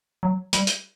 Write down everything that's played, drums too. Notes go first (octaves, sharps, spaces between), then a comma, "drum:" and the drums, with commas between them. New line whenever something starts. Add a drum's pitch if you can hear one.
F#3
G3, drum: hi-hat
drum: hi-hat